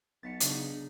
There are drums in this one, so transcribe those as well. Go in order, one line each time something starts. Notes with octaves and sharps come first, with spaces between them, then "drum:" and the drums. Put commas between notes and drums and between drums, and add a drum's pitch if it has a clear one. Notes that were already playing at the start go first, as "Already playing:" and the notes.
B1 A6 B6 C#7
C#3 D4 D#4, drum: hi-hat
D#4